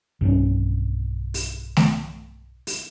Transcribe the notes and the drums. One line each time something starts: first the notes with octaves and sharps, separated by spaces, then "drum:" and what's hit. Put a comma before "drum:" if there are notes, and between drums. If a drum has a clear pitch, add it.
B1 G2 C4 C#4
drum: open hi-hat
drum: snare
drum: open hi-hat